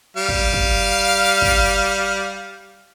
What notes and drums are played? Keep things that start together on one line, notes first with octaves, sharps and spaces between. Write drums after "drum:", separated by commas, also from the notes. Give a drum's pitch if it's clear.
G3 F5
drum: kick
drum: kick
drum: kick